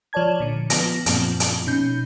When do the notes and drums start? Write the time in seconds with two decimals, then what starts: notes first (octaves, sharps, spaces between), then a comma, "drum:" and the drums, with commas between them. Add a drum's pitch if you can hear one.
0.13 F3 C#5 D5 A5 G#6
0.40 A#2 D3
0.70 F3 B3 A#6, drum: hi-hat
1.06 F#2 A#2 F3 A#3 C4, drum: hi-hat
1.40 drum: hi-hat
1.67 B2 C#4 D#4 G6